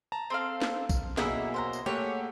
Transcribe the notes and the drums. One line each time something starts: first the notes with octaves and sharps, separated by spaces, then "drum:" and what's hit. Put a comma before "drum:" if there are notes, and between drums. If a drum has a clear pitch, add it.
A5 A#5
C4 A4 F5
drum: snare
drum: kick B1, tambourine
B2 F#3 A#3 E4 G#4 E6, drum: snare
C5 F#5 A#5
drum: tambourine
A3 A#3 G4 C#5 F#5